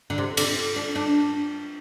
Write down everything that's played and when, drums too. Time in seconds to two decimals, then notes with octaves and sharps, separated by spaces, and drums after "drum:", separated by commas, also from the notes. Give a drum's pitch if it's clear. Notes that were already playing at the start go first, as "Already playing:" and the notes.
0.10 D3
0.18 C3
0.37 D3, drum: cymbal
0.76 D4
0.95 D4